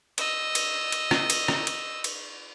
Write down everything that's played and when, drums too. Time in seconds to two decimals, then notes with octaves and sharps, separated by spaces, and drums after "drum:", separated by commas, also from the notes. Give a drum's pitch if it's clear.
0.18 D#5 E6, drum: cymbal
0.55 drum: cymbal
0.92 drum: cymbal
1.11 drum: rim click
1.30 drum: cymbal
1.48 drum: rim click
1.67 drum: cymbal
2.04 drum: cymbal